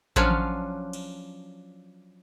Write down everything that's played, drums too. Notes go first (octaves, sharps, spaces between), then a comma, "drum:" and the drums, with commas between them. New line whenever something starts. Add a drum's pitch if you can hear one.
F3 F#3 C#4 D4 F4, drum: kick A1
drum: tom D#3
drum: cymbal